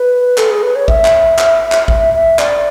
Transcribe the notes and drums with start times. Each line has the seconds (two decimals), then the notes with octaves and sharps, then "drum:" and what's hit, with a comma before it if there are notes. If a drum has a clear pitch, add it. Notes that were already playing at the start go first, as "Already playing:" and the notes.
Already playing: B4
0.38 A4, drum: clap
0.50 G#4
0.63 B4
0.75 C#5
0.88 E5, drum: kick A1
1.05 drum: clap
1.38 drum: clap
1.72 drum: clap
1.88 E5, drum: kick A1
2.14 E5
2.39 D5, drum: clap